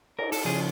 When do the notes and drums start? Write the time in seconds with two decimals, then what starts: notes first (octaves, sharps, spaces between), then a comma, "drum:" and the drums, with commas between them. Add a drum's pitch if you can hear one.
0.19 A#4, drum: cymbal
0.32 A4, drum: open hi-hat
0.45 C#3 F3 G#4